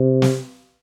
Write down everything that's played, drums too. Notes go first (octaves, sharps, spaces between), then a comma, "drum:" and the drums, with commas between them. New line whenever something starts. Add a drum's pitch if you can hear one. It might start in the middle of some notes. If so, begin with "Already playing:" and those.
Already playing: C3
drum: snare